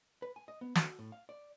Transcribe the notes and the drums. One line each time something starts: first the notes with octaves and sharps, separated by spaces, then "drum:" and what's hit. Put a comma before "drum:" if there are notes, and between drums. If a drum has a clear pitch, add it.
B4
G#5
D#5
B3
F#4, drum: snare
A2
F5
D5